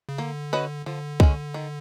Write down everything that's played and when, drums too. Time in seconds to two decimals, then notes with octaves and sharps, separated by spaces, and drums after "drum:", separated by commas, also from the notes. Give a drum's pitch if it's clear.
0.09 C#3
0.18 D3 A#3
0.53 C#4 F#4 B4 D#5
0.86 D3 F3
1.20 G#3 C#4, drum: kick C2
1.54 D#3